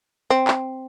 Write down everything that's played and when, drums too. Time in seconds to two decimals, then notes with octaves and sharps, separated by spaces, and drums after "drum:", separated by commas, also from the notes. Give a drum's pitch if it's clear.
0.30 C4
0.47 drum: clap